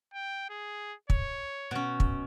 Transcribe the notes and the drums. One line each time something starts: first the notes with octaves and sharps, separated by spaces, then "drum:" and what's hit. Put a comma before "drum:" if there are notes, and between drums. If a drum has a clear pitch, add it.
G5
G#4
C#5, drum: kick
B2 C#4
drum: kick